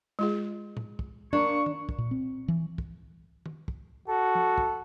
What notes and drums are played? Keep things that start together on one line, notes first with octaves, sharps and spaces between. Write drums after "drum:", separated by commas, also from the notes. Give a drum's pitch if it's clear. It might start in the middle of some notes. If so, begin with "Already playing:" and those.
G#3 F4 G#4
drum: tom A2
drum: kick
A#3 D4 C#6
drum: tom D#3
drum: kick
A#2
C4
E3
drum: kick
drum: tom D#3
drum: kick
F#4 A4
drum: tom F3
drum: kick